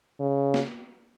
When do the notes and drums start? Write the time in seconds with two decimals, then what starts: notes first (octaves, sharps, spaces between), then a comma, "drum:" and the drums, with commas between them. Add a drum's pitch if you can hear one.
0.20 C#3
0.54 drum: snare